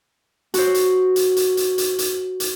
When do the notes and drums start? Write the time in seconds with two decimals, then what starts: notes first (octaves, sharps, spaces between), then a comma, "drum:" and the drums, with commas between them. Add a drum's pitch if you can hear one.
0.54 F#4 C5, drum: hi-hat
0.74 drum: hi-hat
1.16 drum: hi-hat
1.36 drum: hi-hat
1.57 drum: hi-hat
1.78 drum: hi-hat
1.99 drum: hi-hat
2.40 drum: hi-hat